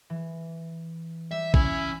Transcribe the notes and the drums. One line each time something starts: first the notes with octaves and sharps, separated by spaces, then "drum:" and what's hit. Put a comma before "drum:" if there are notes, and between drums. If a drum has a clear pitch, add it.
E3
G3 E5
C#4 E4 E5 G#5, drum: kick